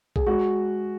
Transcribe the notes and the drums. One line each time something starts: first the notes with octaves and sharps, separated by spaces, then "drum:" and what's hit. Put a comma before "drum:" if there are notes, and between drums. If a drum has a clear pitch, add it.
G#4, drum: kick B1
G#3 F#4